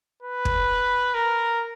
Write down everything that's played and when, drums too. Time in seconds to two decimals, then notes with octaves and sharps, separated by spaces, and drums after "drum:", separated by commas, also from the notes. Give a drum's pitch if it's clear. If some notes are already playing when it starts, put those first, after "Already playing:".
0.22 B4
0.45 drum: kick
1.14 A#4